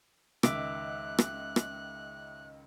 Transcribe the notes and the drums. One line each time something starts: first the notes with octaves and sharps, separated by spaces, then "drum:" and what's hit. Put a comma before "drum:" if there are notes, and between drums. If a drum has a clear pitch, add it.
C#2 D#3 E5 D6 F#6, drum: rim click
drum: rim click
drum: rim click